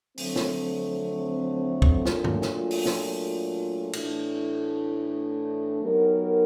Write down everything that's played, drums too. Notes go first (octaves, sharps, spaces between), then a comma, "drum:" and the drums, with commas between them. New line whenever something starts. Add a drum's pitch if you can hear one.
F2 D3 F#3 A3 C4, drum: open hi-hat
drum: snare
drum: kick
A#2 F#3 A3 D4 F4, drum: snare
drum: tom G2
drum: snare
drum: open hi-hat
drum: snare
A2 E3 A3 D4, drum: cymbal
F#3 B3 D#4 G4 A#4